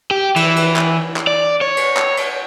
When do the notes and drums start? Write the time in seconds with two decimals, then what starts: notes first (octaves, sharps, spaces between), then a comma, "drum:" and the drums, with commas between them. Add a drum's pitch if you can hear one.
0.11 G4
0.36 E3, drum: cymbal
0.56 drum: cymbal
0.76 drum: clap
1.16 drum: clap
1.27 D5
1.61 C#5
1.77 drum: cymbal
1.97 drum: clap
2.17 drum: cymbal